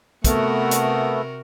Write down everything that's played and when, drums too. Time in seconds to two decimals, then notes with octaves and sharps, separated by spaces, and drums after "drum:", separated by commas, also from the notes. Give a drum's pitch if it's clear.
0.24 C3 A3 B3 F#4 A#4, drum: kick, hi-hat
0.71 drum: hi-hat